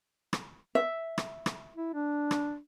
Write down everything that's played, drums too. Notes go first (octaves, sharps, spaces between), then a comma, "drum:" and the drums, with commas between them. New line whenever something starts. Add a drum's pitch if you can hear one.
drum: rim click
E5
drum: rim click
drum: rim click
E4
D4
drum: rim click